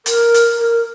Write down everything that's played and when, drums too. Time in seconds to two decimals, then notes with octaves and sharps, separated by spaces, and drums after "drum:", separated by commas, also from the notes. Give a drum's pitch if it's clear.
0.06 A#4, drum: hi-hat
0.34 drum: hi-hat
0.58 A#4